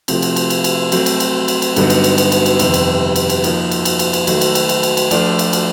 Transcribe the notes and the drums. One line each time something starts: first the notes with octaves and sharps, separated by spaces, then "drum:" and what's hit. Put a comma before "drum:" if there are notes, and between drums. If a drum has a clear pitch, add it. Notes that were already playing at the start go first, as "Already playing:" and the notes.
C3 F3 A3 C4 F4, drum: cymbal
drum: cymbal
drum: cymbal
drum: cymbal
drum: cymbal
F#3 A3 C4, drum: cymbal
drum: cymbal
drum: cymbal
drum: cymbal
drum: cymbal
G2 D3 F#3 B3 D#4, drum: cymbal
drum: cymbal
drum: cymbal
drum: cymbal
drum: cymbal
drum: cymbal
F2 C3 D#3 G3 B3, drum: cymbal
drum: cymbal
drum: cymbal
drum: cymbal
F3 A#3 D#4, drum: cymbal
drum: cymbal
drum: cymbal
drum: cymbal
drum: cymbal
D#3 F#3 A3, drum: cymbal
drum: cymbal
drum: cymbal
drum: cymbal
drum: cymbal
drum: cymbal
F3 A3 D4 F4, drum: cymbal
drum: cymbal
drum: cymbal